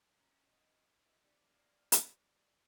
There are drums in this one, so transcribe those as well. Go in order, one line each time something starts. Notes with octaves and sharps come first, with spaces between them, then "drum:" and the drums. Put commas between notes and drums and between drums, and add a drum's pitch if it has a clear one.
C#4 A#5
D#5
E4 B4 D#5 E5
C3 D#4 G4 D5
F#2 A#3
drum: hi-hat